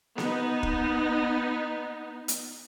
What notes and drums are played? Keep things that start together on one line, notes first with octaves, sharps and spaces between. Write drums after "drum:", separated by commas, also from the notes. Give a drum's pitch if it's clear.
B3 D#4, drum: snare B3
drum: kick
drum: hi-hat